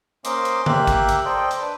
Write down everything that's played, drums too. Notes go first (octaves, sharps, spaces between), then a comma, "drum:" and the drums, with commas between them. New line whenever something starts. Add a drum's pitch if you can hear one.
A#3 C#4 C5 D#5 C6 D6, drum: hi-hat
drum: hi-hat
A#3 G4 E5 F#6, drum: tom C#3
drum: kick A1, hi-hat
drum: hi-hat
A4 C5 D5 D#5 G5
drum: hi-hat
D4 B4